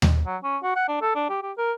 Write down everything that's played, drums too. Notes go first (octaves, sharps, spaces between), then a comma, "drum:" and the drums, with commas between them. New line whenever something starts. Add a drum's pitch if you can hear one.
drum: tom D#2
F#3
C#4
F#4
F#5
D4
A4
D4
G4
G4
A#4